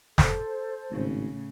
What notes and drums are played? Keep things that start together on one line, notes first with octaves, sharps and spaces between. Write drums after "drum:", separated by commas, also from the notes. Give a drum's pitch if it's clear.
A4 C5, drum: snare
G#1 A2 C#3